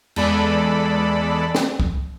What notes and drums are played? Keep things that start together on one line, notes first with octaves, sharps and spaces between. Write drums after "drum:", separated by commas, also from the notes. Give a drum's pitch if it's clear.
E2 G#3 A4 D5 B5, drum: cymbal
drum: snare
drum: kick